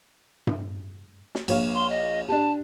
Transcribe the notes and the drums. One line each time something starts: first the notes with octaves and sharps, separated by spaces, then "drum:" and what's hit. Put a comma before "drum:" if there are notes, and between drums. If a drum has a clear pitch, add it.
drum: tom G2
drum: snare
A#1 C#5 F5, drum: cymbal
C6
D#5
D4 G4 A5